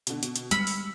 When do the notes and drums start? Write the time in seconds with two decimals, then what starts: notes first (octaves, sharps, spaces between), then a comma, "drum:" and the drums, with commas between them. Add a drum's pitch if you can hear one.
0.07 B2 D3, drum: hi-hat
0.23 B2, drum: hi-hat
0.36 drum: hi-hat
0.51 G3 G#3 B5 E6 F6 C#7, drum: hi-hat
0.67 drum: open hi-hat